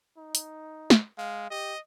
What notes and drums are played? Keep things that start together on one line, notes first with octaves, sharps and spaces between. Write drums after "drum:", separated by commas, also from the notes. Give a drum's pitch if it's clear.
D#4
drum: hi-hat
drum: snare
G#3 F5
G4 D#5